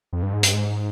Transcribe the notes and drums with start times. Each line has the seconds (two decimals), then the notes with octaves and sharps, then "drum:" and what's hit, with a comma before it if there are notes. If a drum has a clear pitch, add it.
0.13 F2
0.23 G2
0.33 G#2
0.43 G2, drum: hi-hat
0.53 G#2